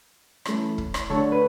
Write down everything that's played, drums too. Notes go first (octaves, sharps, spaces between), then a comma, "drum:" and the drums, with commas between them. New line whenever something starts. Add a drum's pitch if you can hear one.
E3 A3 C#4 E4, drum: rim click
drum: kick
drum: rim click
D3 A3 D4 A4 C#5
B4